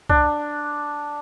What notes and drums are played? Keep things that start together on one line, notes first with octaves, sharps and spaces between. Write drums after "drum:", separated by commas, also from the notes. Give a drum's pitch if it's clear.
D4, drum: kick C2